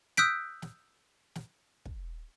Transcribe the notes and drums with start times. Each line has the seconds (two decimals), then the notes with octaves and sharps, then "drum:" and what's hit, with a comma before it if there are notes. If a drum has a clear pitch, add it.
0.17 D#6 E6 F#6 G6 B6 D7, drum: snare
0.62 drum: snare
1.35 drum: snare
1.85 drum: kick